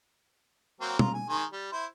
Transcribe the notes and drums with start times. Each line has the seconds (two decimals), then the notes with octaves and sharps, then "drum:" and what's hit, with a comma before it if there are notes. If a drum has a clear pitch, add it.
0.81 F#3 A#3 C4
0.99 F4 A#5, drum: tom
1.14 G#5
1.29 D#3 G#3 G#5
1.52 G3
1.72 E4 C5